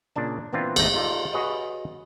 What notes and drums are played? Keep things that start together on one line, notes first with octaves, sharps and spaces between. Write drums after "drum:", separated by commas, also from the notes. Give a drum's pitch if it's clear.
A#2 C#3 D4 A5
A#2 E3 B3 C4 D4 F4
G#1 E2 A3 D#4, drum: cymbal
D#4 F4 A4 D5
F#4 G#4 B4 C#5 D#5